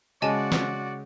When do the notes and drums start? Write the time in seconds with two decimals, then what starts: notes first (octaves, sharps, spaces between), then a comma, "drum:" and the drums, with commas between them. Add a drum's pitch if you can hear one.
0.22 C#3 G#3 F#4 D5 D#5 G#5 A5
0.52 drum: snare